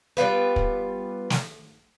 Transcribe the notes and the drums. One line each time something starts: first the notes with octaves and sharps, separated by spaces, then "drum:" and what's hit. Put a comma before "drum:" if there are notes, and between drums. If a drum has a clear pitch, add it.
G3 B3 F4 B4
drum: kick
drum: snare